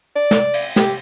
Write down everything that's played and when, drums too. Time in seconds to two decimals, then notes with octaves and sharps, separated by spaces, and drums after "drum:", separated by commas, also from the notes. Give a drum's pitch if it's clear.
0.16 D5
0.31 drum: snare
0.54 drum: cymbal
0.76 G4, drum: snare